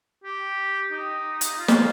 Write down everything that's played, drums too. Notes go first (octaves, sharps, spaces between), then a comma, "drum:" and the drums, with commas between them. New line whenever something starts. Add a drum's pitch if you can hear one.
G4
D#4
drum: hi-hat
F4
drum: snare